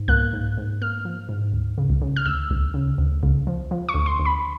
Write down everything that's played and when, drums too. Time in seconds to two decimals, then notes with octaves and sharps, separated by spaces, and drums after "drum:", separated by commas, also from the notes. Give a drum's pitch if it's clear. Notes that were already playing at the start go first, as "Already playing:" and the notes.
Already playing: G#2
0.08 A#3 F#6, drum: kick C2
0.33 G#2
0.58 G#2
0.82 A#3 F6
1.05 F3
1.29 G#2
1.53 D2
1.78 C#3
1.90 drum: kick C2
2.02 C#3
2.16 F6
2.26 D2 E6
2.51 D2, drum: kick C2
2.74 C#3
2.98 D2
3.23 C#3, drum: kick C2
3.47 F3
3.71 F3
3.89 C#6
3.94 D2
4.06 C6
4.19 D2
4.25 B5